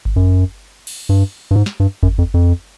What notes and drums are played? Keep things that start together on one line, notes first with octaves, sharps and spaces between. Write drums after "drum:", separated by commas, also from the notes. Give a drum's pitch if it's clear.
drum: kick G1
F#2
drum: cymbal
G2
G2
G#2
drum: snare
G2
F#2, drum: kick G1
F2
F2